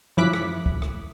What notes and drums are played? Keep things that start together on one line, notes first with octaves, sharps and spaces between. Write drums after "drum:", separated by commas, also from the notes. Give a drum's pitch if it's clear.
F#2 F3 E4 D6 F#6 B6
drum: rim click
drum: kick
drum: rim click